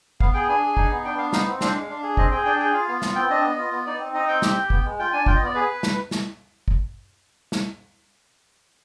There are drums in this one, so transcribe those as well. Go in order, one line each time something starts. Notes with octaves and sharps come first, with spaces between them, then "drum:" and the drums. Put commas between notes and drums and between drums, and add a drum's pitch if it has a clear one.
B3 F5, drum: kick
G#4 G5
D4 G#5
G#4
D#4, drum: kick
B3
D4 G5
B3 F5
D#4 F5, drum: snare
C4
D4 F5, drum: snare
G#3
D4
G#4
C4 D#5, drum: kick
G#4 G5
D4 G5
G#4 G5
F4 F5
B3 F5
F4 F5, drum: snare
C4 G5
D4 D#5
B3
F4
B3
D#4 D5
C4
D#4 D#5
C4 G5
G4 G5, drum: snare
G4
B3, drum: kick
G#3
F4 G5
D4 G#5
F4 G5, drum: kick
D#5
B3
D5
G#4 B4
drum: snare
drum: snare
drum: kick
drum: snare